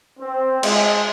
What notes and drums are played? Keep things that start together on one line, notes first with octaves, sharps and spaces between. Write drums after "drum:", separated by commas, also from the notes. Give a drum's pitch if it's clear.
C4
G#3, drum: cymbal